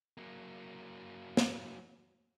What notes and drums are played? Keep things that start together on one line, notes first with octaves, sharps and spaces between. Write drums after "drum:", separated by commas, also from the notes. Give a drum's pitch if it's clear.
F#3 A#3
drum: snare